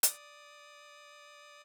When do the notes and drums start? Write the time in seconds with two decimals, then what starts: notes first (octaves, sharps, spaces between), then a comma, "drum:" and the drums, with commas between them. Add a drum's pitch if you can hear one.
0.03 D5 D#6, drum: hi-hat